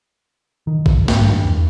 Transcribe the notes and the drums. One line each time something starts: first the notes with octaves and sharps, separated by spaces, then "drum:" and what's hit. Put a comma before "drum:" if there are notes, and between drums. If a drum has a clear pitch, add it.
D#3
drum: kick A1
G#2, drum: snare
G2
E2